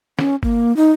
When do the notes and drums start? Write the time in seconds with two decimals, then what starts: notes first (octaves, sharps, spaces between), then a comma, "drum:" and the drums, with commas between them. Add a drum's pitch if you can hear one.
0.19 C#4, drum: snare
0.43 A#3, drum: kick
0.76 D#4